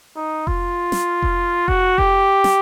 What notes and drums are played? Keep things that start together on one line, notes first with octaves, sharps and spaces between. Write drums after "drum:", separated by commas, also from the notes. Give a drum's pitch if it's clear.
D#4
F4, drum: kick F1
drum: snare
drum: kick F1
F#4, drum: kick F1
G4, drum: kick F1
drum: snare